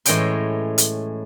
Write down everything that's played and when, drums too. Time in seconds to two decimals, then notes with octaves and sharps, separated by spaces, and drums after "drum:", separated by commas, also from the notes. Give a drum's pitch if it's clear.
0.05 A2 E3 G#3 C#4 G5 C6, drum: hi-hat
0.78 drum: hi-hat